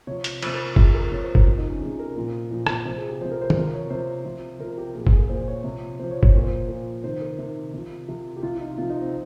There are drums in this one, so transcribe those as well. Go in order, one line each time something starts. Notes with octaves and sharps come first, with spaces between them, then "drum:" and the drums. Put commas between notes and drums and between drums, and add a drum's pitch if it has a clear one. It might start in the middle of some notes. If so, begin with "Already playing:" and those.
C3 F3 C#5
C#5, drum: hi-hat
C3 F3 C5, drum: cymbal
A#4
C3 F3 G#4, drum: kick F#1
A#4
C3 F3 C#5
C5
A#4, drum: kick F#1
C3 F3 G4
D#4
C#4
C3 F3 G#4
A#4
A#2 F3
A#2 F3
drum: rim click
C3 F3 C5
G#4
G4
C3 F3 C5
A#4
C5
G#4, drum: tom
C3 F3 A#4
C#5
C3 F3 C5
C3 F3
C3 F3 A#4
G4
A#2 F3 G#4
G#4, drum: kick F#1
A#4
A#2 F3 C5
C#5
C3 F3
C3 F3 C5
C#5
C#5, drum: kick F#1
C5
A#2 F3 A#4
C5
A#2 F3
C3 D#3 C5
A#4
C3 D#3
C3 F3
C3 F3 G4
G4
C3 F3 F4
F4
D#4
C3 F3 F4
D#4
C4